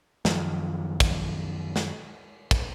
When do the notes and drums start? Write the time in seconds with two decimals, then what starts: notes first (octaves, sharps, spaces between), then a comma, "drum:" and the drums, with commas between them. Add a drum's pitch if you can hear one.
0.25 F#2 D#3 F3, drum: snare
1.00 drum: kick, cymbal
1.76 drum: snare
2.51 drum: kick, cymbal